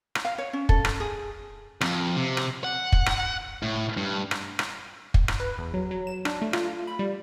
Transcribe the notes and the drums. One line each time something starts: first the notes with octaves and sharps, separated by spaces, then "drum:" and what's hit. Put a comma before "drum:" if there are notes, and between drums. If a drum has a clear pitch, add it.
drum: rim click
F5
C#5
C#4
A4, drum: kick
drum: rim click
G#4
F2, drum: rim click
C3
drum: rim click
F#5
drum: kick
drum: rim click
A2
G2
drum: rim click
drum: rim click
drum: kick
drum: rim click
B4
E2
F#3
F#3
E7
D4, drum: rim click
A3
F4, drum: rim click
F4
B5
G3